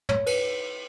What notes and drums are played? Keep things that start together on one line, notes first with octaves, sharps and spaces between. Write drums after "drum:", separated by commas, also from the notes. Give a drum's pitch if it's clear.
C#5, drum: tom
B4, drum: cymbal